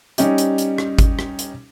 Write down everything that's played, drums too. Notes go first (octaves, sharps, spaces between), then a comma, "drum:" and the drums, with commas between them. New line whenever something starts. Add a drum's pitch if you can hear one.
G3 C#4 D#4 G4, drum: hi-hat
drum: hi-hat
drum: hi-hat
drum: rim click
drum: kick G#1, hi-hat
drum: rim click
drum: hi-hat